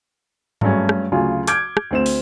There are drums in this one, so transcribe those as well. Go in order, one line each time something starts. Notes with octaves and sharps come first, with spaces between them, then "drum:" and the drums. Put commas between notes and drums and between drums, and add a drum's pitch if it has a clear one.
G2 F#3 G#3 A3 C#4, drum: tom G#2
drum: rim click
D2 C#3 F#3 F4 G#5
D6 F6 G6 G#6 D7, drum: hi-hat
drum: rim click
D2 C4 E7
drum: open hi-hat